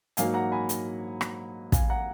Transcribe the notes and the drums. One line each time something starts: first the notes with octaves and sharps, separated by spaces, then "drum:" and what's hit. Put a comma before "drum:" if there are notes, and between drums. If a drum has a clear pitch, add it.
G#2 F#3 A#3 D#4 F5 G#5, drum: hi-hat
F#5 A#5
G#5 B5
drum: hi-hat
drum: rim click
F5 G#5, drum: kick, hi-hat
F#5 A#5